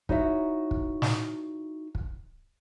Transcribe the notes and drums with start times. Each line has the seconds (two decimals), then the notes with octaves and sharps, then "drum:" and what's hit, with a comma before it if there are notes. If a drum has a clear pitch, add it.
0.09 D#4 E4 F#4 C#5 D5 E5, drum: kick
0.71 drum: kick
1.02 drum: snare
1.95 drum: kick